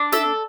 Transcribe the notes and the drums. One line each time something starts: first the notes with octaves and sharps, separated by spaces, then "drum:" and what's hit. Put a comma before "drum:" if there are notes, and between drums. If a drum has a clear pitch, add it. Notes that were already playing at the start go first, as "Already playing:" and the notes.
Already playing: D4
A4 E5, drum: snare